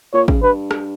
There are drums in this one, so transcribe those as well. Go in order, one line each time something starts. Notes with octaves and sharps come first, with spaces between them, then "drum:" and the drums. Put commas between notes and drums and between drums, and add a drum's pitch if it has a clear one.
A#2 C#5
C#3, drum: kick
G2 B4
drum: rim click